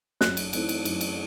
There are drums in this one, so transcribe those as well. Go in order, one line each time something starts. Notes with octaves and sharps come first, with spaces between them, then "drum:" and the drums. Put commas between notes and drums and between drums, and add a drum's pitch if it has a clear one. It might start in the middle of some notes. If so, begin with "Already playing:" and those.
F#2 F#6, drum: snare
drum: cymbal
E3 A3 C4 D#4, drum: cymbal
drum: cymbal
F#2, drum: cymbal
drum: cymbal